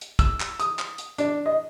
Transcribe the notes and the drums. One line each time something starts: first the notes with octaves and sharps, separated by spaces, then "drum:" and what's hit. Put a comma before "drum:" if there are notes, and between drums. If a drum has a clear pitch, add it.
drum: hi-hat
E6, drum: kick, hi-hat
drum: clap
D#6, drum: hi-hat
drum: clap
drum: hi-hat
D4, drum: hi-hat
D#5